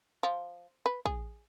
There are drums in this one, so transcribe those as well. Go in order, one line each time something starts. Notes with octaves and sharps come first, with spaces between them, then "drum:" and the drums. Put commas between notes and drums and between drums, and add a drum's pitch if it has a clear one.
F3
B4
G#4, drum: kick